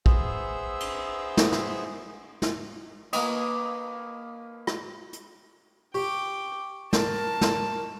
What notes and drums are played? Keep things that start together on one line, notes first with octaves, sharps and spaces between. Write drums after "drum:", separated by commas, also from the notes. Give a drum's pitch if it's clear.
B3 G#4 C5 E5 E6, drum: kick
drum: cymbal
drum: snare
drum: snare
drum: snare
A#3 B4 D#5, drum: cymbal
drum: rim click
drum: hi-hat
G4 G5 C#6 D6, drum: open hi-hat
A#4 A5, drum: snare
drum: snare